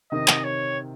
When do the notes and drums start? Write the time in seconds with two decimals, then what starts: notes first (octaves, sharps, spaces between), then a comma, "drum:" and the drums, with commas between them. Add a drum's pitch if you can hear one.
0.11 C3 D#3 D#5
0.28 drum: clap
0.44 C#5